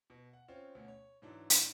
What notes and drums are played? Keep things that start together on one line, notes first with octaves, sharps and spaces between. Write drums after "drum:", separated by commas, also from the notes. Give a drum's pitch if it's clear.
B2
F#5
C4 C#4 F4
D2 B2 C#4
C#5
G#2 E3 F#3 D4
drum: hi-hat